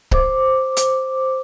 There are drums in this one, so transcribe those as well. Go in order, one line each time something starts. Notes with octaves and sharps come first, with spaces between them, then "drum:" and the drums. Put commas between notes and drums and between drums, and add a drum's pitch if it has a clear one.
C5 D6, drum: kick C#1
drum: hi-hat